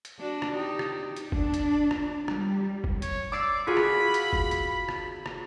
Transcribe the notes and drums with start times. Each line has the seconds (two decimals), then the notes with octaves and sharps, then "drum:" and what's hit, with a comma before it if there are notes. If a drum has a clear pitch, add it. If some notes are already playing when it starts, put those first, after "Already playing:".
0.05 drum: hi-hat
0.19 D4 F#4
0.42 drum: rim click
0.56 D#4 G4
0.79 drum: rim click
1.16 drum: hi-hat
1.32 D4, drum: kick
1.54 drum: hi-hat
1.91 drum: rim click
2.28 G3, drum: rim click
2.84 drum: kick
3.02 C#5, drum: hi-hat
3.32 D5 D6 E6 C7
3.67 F4 F#4 G#4 B5
3.77 drum: rim click
4.14 drum: hi-hat
4.33 drum: kick
4.51 drum: hi-hat
4.89 drum: rim click
5.26 drum: rim click